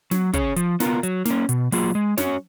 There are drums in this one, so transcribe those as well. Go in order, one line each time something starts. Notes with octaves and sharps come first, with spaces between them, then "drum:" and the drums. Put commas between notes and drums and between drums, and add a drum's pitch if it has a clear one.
F#3, drum: snare
C#4 G#4 C#5, drum: kick, hi-hat
F3, drum: hi-hat
B3 F4 A#4, drum: snare
F#3, drum: hi-hat
A#3 C#4, drum: snare
B2, drum: hi-hat
F#3 A#3 F4 G#4, drum: open hi-hat
G#3
C#4 F#4 C#5, drum: snare